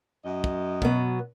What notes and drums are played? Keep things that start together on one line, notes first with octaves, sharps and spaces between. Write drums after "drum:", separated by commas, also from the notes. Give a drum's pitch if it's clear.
F#2 D#5
drum: kick
B2 F#3 B3, drum: kick